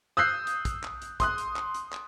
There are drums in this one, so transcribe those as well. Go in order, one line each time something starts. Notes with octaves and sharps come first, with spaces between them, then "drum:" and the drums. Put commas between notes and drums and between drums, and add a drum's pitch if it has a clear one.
D#6 E6 F#6 G6 C7
drum: hi-hat
drum: kick, hi-hat
drum: clap
drum: hi-hat
C6 D#6 F#6, drum: kick, hi-hat
drum: hi-hat
drum: clap
drum: hi-hat
drum: clap